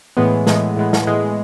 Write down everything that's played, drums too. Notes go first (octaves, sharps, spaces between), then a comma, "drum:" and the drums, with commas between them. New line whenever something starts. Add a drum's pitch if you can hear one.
A2 E3 G#3 B3
A2 E3 G#3 B3, drum: snare
A2 E3 G#3 B3
drum: snare
A2 E3 G#3 B3